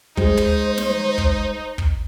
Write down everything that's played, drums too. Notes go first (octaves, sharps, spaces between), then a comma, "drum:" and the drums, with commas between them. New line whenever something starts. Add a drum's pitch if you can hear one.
G#3 D#4 C5, drum: kick
drum: tom
drum: snare
drum: kick
drum: kick